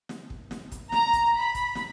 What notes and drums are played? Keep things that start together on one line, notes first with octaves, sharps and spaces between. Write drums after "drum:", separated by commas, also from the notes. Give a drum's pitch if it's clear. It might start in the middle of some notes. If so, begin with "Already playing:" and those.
drum: snare
drum: kick
drum: snare
drum: kick, hi-hat
A#5, drum: snare
drum: kick, hi-hat
B5
drum: kick, hi-hat
drum: snare